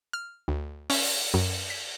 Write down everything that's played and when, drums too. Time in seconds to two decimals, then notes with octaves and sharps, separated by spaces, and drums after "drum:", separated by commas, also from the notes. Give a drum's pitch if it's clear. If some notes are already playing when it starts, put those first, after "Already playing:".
0.13 F6
0.48 D2
0.90 C#4, drum: open hi-hat
1.34 F#2
1.70 B6